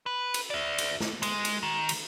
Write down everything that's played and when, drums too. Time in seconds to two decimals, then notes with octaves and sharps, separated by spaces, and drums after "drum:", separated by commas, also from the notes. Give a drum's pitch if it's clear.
0.06 B4
0.34 drum: cymbal
0.50 D5 E5
0.78 drum: cymbal
1.00 drum: snare
1.23 G#3, drum: cymbal
1.45 drum: cymbal
1.63 D#3
1.89 drum: cymbal